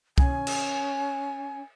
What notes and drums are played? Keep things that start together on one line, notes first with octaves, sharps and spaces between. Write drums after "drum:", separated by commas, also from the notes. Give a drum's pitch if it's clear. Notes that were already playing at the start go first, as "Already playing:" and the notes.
C#4 G#5, drum: kick C2
drum: cymbal